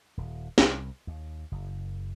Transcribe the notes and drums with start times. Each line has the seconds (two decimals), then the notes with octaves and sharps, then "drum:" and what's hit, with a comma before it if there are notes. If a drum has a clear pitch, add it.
0.17 D#1
0.58 C2, drum: snare
1.07 D#2
1.52 F#1